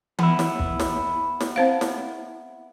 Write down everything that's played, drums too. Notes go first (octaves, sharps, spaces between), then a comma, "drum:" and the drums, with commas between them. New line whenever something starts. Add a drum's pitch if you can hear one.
B3 E4, drum: tom E3
drum: snare
drum: kick
drum: snare
drum: snare
C4 C5 F5
drum: snare